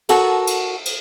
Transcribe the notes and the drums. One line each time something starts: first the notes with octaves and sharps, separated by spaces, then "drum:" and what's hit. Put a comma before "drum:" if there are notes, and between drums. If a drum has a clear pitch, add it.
F#4 A4 A#4, drum: cymbal
drum: cymbal
drum: cymbal